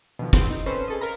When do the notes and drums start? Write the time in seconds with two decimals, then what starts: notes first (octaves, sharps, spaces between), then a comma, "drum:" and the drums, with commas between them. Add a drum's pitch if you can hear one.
0.19 B2 D3 D#3 F3
0.33 A#1 B3 C4 G6 D7, drum: kick, hi-hat
0.50 D#4
0.66 C4 C#4 A4 B4 C5
0.88 G#4 A4 D#5
1.01 A#4 F5 A#5 B5